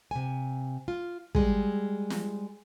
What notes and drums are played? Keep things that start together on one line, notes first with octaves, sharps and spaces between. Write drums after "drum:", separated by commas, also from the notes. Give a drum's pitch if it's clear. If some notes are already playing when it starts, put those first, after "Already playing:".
C3 G#5
F4
G3 G#3 G#4, drum: kick
drum: snare